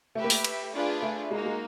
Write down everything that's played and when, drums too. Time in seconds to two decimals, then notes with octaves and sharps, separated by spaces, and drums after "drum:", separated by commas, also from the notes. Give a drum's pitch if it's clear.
0.15 A3 G4 B4 E5
0.24 A#3
0.30 A3, drum: open hi-hat
0.44 drum: cymbal
0.74 D4 F4 G#4 B4 D5
1.02 A3
1.31 G#3 A#3 D#4 F#4
1.46 G#3